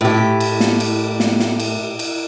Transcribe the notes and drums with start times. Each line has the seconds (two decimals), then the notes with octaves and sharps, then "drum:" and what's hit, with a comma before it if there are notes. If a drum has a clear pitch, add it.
0.01 A2 G4
0.40 drum: cymbal
0.60 drum: snare
0.80 drum: cymbal
1.20 drum: snare
1.40 drum: snare
1.60 drum: cymbal
1.99 drum: cymbal